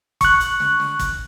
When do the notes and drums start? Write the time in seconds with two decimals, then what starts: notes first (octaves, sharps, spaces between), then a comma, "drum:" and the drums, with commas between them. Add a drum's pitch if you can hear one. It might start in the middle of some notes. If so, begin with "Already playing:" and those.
0.21 C#6 F#6, drum: kick, hi-hat
0.40 drum: hi-hat
0.60 drum: snare
0.80 drum: snare
0.99 drum: kick, hi-hat